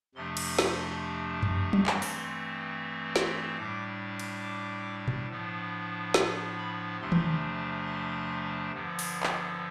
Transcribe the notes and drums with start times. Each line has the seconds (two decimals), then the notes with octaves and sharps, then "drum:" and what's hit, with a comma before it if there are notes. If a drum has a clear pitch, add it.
0.15 F2 C3 F3 A3 D4 C6
0.37 drum: cymbal
0.59 C6, drum: snare
1.42 drum: tom F#2
1.73 drum: tom
1.86 G2 E3 A3 C4 C6, drum: clap
2.02 drum: open hi-hat
3.16 C6, drum: snare
3.57 A2 G3 D4 D6
4.19 drum: cymbal
4.44 D6
5.08 drum: tom A#2
5.29 A2 F3 B3 D4
6.14 C6, drum: snare
6.58 B5
7.00 E2 C3 F3 A3 D4 C6
7.12 drum: tom D#3
7.86 C6
8.72 G2 D3 F3 B3
8.99 drum: open hi-hat
9.23 drum: clap